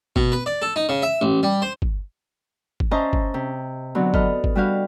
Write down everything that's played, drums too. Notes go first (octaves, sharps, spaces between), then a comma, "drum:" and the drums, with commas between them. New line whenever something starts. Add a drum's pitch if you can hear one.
B2, drum: kick
B4
D5
A4
D#4
C#3
E5
A1
G3
C5
drum: kick
drum: kick
C#4 C5 D#5 E5 A5 A#5
drum: kick
C3
D3 F#3 B3 C4
A4 B4 D#5 F6, drum: kick
drum: kick
G3 D4 F#4 G4 F5